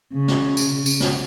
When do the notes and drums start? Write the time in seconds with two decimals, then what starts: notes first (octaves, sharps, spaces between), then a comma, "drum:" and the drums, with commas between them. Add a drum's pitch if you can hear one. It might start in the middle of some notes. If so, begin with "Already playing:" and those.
0.14 C#3
0.28 drum: snare
0.57 drum: tambourine
0.86 drum: tambourine
1.00 drum: snare